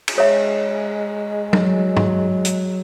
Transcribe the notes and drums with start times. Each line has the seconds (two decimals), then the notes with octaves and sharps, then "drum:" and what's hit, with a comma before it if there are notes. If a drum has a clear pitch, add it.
0.08 drum: cymbal
0.18 G#3 C#5 E5
1.53 F#3, drum: tom
1.97 drum: tom G2
2.45 drum: hi-hat